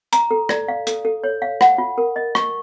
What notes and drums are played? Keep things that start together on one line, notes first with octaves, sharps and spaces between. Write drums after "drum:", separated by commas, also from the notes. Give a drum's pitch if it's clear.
A#5, drum: hi-hat
A4
D5, drum: rim click
F5
A4, drum: hi-hat
A4
C#5
F5
F#5, drum: rim click
F4
A#4
D#5
C#6, drum: rim click